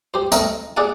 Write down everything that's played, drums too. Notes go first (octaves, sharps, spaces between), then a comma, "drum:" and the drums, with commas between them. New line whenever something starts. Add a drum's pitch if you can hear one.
G4 C5
A3 C4 A#4 D#5, drum: tambourine
G#4 D5 F#5 G#5